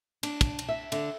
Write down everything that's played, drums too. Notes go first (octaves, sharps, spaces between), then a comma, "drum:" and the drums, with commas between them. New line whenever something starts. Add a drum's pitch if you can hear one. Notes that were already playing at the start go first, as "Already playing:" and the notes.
D4, drum: cymbal
drum: kick, cymbal
drum: cymbal
E5
D3, drum: cymbal